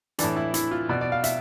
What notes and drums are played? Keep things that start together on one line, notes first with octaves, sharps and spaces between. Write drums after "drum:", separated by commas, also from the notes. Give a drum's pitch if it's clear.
A2 E3 D4, drum: hi-hat
E4
E4, drum: hi-hat
F4
B2 D5
D5
F5
E5, drum: hi-hat